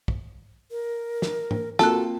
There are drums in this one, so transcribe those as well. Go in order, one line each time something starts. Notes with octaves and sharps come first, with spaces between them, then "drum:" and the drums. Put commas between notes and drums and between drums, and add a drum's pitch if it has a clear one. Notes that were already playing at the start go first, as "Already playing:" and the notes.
drum: kick
A#4
drum: snare
drum: tom G#2
A#3 C4 F4 F#4 A4 A5 F#6, drum: snare